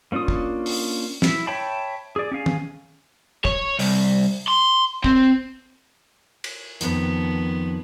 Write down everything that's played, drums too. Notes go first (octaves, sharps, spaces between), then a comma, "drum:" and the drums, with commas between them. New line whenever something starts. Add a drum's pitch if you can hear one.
A#3 C#4 D4 F4 D#6
drum: kick
drum: open hi-hat
E4, drum: snare
C#5 E5 G5 A5 B5
G#4 D5
C#4 G#4 F5 G#5
drum: tom
C#5, drum: kick
C2, drum: open hi-hat
C6
C4, drum: kick
drum: cymbal
F2 D#3 F3 B3, drum: hi-hat